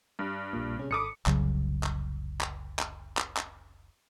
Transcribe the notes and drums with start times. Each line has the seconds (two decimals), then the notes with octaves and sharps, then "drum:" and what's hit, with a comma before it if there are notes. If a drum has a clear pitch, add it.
0.19 G2
0.53 A#1 A#2
0.77 C3 C#4 G#4
0.91 G#1 A4 B5 D6 D#6 C#7
1.26 F1 C2 C#3 F#3, drum: clap
1.83 drum: clap
2.41 drum: clap
2.79 drum: clap
3.17 drum: clap
3.36 drum: clap